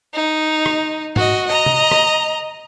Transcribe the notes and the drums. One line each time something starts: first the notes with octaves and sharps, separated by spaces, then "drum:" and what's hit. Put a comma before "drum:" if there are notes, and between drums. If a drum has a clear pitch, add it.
D#4
drum: rim click
F#4 D#5, drum: tom G#2
D#5 A#5
drum: tom
drum: rim click